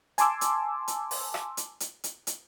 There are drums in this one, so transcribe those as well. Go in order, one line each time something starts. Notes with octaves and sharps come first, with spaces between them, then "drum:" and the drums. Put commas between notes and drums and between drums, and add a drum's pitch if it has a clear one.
G#5 A5 C6 D6 E6, drum: hi-hat
drum: hi-hat
drum: hi-hat
drum: open hi-hat
drum: rim click
drum: hi-hat
drum: hi-hat
drum: hi-hat
drum: hi-hat